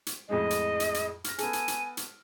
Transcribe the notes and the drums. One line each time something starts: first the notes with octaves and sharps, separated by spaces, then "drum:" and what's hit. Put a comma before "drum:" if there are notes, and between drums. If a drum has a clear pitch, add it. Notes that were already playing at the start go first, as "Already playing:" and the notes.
drum: hi-hat
F2 A2 G#3 D#5
drum: hi-hat
drum: hi-hat
drum: hi-hat
F6 A#6, drum: hi-hat
B3 A4 G#5, drum: hi-hat
drum: hi-hat
drum: hi-hat
drum: hi-hat